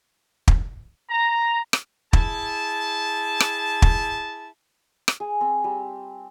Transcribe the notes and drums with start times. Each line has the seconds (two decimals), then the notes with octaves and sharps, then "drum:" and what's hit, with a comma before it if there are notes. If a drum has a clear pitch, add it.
0.48 drum: kick
1.10 A#5
1.73 drum: rim click
2.13 E4 G#4 A5, drum: kick
3.40 drum: rim click
3.82 drum: kick
5.08 drum: rim click
5.20 G#4
5.41 C4
5.64 G3